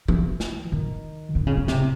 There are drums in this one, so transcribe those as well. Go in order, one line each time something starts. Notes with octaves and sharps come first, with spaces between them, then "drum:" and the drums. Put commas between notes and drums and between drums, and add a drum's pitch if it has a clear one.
E3, drum: tom E3
drum: snare
D#3
D3
C#3
C#3
C3, drum: snare